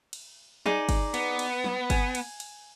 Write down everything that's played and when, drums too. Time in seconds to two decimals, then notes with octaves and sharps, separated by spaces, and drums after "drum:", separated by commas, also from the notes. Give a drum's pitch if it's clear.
0.13 drum: cymbal
0.66 D#4 G#4 D5, drum: snare
0.89 drum: kick G1, cymbal
1.14 B3, drum: cymbal
1.39 drum: cymbal
1.64 drum: snare
1.90 G#5, drum: kick G1, cymbal
2.15 drum: cymbal
2.40 drum: cymbal